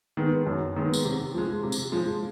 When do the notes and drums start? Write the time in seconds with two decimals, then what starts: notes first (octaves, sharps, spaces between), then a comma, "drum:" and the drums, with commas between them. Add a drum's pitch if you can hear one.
0.17 D#3 G#3 B3
0.47 F#2
0.76 D#3 G#3 B3
0.93 drum: tambourine
1.05 C3
1.34 F3 G#3
1.63 C3
1.72 drum: tambourine
1.92 F3 G#3